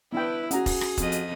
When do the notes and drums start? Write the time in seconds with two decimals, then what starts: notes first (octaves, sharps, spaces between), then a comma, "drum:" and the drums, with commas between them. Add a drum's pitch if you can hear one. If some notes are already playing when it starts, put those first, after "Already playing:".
0.13 B3 D4 E4 B4 G5
0.51 C#4 F#4 G#4 F#5 A#5, drum: hi-hat
0.66 drum: kick E1, open hi-hat
0.81 drum: rim click
0.97 F2 D#5, drum: kick E1, hi-hat
1.12 drum: hi-hat